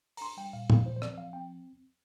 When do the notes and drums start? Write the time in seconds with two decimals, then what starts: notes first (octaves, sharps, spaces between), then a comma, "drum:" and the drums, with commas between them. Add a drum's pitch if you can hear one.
0.17 A#5, drum: open hi-hat
0.21 D4 C6
0.37 G3 G5
0.53 A#2 F5
0.70 A#2 F5, drum: tom
0.86 F3 C5
0.96 C5
1.02 C4 D5, drum: rim click
1.17 F3 F5
1.33 C4 G5